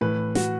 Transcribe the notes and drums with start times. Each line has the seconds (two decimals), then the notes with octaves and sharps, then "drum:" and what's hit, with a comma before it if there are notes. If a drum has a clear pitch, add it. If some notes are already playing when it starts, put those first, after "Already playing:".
0.01 A2 E3 B4
0.35 F#4, drum: snare